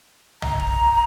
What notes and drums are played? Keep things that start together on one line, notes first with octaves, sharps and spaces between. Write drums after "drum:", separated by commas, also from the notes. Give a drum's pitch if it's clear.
A#5, drum: tom
drum: kick E1